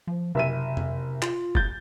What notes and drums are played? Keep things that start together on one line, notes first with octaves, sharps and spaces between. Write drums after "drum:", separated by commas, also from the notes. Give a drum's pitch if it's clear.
F3
F#1 C3 E5 D#7
drum: tom F2
F4, drum: clap
G6 A6, drum: kick F#1